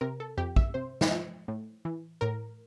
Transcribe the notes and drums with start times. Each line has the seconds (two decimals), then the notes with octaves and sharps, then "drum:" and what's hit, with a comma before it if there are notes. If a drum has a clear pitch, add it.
0.01 C3 A#4
0.20 A4
0.37 F2 G4
0.56 E5, drum: kick
0.74 C3 C5
1.01 drum: snare
1.11 F3
1.48 A2
1.85 E3
2.21 A2 A#4